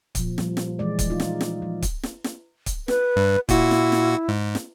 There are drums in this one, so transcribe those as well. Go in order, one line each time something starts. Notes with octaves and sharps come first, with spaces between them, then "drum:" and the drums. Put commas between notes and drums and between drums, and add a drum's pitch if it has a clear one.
A#2 F3, drum: kick C#1, hi-hat
F3 G3, drum: snare
drum: snare
E3 G#3 D5
drum: kick C#1, hi-hat
D#4 F4
drum: snare
drum: snare
F3
drum: kick C#1, hi-hat
drum: snare
drum: snare
drum: kick C#1, hi-hat
B4, drum: snare
G2
A#2 E4 F#4, drum: kick C#1, hi-hat
drum: snare
drum: snare
G#2
drum: snare